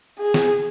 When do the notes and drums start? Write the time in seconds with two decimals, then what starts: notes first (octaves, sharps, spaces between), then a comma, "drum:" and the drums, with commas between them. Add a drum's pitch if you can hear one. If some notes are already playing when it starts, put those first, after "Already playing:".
0.19 G#4
0.34 drum: snare